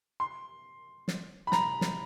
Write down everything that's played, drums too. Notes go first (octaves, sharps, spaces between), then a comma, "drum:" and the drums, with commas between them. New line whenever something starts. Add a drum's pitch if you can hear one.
C6
drum: snare
B5
A#5, drum: snare
drum: snare